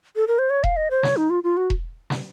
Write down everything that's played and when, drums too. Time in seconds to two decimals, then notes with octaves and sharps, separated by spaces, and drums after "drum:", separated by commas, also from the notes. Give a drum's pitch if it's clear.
0.16 A4
0.27 A#4
0.39 C5
0.50 C#5
0.64 F5, drum: kick E1
0.77 D#5
0.91 C5
1.03 C#5, drum: snare
1.17 D#4
1.30 F4
1.44 F4
1.57 F#4
1.70 drum: kick E1
2.10 drum: snare